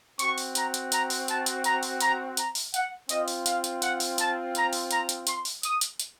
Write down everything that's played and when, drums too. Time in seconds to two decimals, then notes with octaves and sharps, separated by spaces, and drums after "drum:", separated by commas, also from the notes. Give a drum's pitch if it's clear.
0.19 C4 F#4 C#6, drum: hi-hat
0.38 drum: open hi-hat
0.55 A#5, drum: hi-hat
0.74 drum: hi-hat
0.92 A#5, drum: hi-hat
1.10 drum: open hi-hat
1.28 A5, drum: hi-hat
1.46 drum: hi-hat
1.64 A#5, drum: hi-hat
1.83 drum: open hi-hat
2.01 A#5, drum: hi-hat
2.37 A#5, drum: hi-hat
2.55 drum: open hi-hat
2.74 F#5, drum: hi-hat
3.09 C4 F4 D#5, drum: hi-hat
3.28 drum: open hi-hat
3.46 F5, drum: hi-hat
3.64 drum: hi-hat
3.82 F#5, drum: hi-hat
4.00 drum: open hi-hat
4.18 A5, drum: hi-hat
4.55 A#5, drum: hi-hat
4.73 drum: open hi-hat
4.91 A#5, drum: hi-hat
5.09 drum: hi-hat
5.27 C6, drum: hi-hat
5.45 drum: open hi-hat
5.63 D#6, drum: hi-hat
5.81 drum: hi-hat
6.00 drum: hi-hat